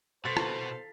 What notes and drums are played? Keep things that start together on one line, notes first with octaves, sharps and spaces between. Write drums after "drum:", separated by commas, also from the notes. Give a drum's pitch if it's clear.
B2 A4 C5 F5 C6 A6 B6
drum: rim click